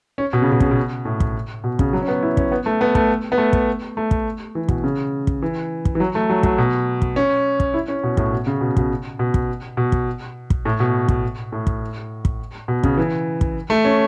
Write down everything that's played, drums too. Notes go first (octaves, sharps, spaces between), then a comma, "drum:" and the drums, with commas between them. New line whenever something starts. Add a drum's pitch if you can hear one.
C#4
B2
C#3
B2
C#3, drum: kick
B2
A2
drum: kick
B2
C#3, drum: kick
F#3
C#4
B3
E4
C#4, drum: kick
B3
A3
B3
A3, drum: kick
B3
A3
drum: kick
A3
drum: kick
E3
B2, drum: kick
C#3
drum: kick
E3
drum: kick
E3
F#3
A3
F#3
F#3, drum: kick
B2
drum: kick
C#4
drum: kick
E4
C#4
B2
A2, drum: kick
B2
C#3
B2
B2, drum: kick
B2
drum: kick
B2
drum: kick
drum: kick
A2
B2
drum: kick
A2
drum: kick
drum: kick
B2
C#3, drum: kick
E3
drum: kick
A3
C#4